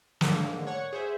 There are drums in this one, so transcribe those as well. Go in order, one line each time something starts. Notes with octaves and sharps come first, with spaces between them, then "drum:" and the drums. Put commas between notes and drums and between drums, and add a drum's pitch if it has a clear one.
G#2 D3 A#3, drum: snare
C#5 F#5 C#6
G#4 C5 E5